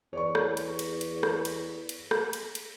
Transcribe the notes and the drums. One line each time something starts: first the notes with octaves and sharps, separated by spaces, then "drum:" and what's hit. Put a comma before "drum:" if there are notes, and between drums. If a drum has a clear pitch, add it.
E2 C#5 D5 C#6
drum: rim click
drum: cymbal
drum: cymbal
drum: cymbal
drum: rim click
drum: cymbal
drum: cymbal
drum: rim click
drum: cymbal
drum: cymbal